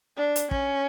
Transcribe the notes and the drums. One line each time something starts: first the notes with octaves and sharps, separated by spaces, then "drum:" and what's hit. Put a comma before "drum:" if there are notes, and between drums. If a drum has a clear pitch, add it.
D4
drum: hi-hat
C#4, drum: kick